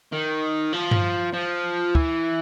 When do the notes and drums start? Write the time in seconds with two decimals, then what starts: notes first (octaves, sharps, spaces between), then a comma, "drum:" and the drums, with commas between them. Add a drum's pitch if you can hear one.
0.13 D#3
0.73 F3
0.91 drum: tom G2
1.33 F3
1.95 E3, drum: kick